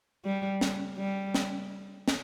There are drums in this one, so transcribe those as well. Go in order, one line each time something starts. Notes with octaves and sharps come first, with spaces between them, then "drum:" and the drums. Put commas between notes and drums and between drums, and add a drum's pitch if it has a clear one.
G3
drum: snare
G3
drum: snare
drum: snare